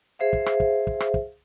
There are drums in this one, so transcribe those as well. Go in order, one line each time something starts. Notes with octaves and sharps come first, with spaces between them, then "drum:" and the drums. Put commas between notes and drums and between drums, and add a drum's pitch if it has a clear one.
G#4 C5 E5 F5
drum: kick
drum: rim click
drum: kick
drum: kick
drum: rim click
drum: kick